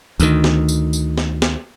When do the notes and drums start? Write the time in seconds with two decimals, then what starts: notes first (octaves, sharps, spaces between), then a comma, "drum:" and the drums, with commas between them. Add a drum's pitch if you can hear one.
0.20 D2 D#3, drum: tambourine
0.44 drum: snare
0.69 drum: tambourine
0.93 drum: tambourine
1.18 drum: snare
1.42 drum: snare